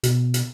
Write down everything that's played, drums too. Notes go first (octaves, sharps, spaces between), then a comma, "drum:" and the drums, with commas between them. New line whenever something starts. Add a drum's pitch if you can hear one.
B2, drum: hi-hat
drum: hi-hat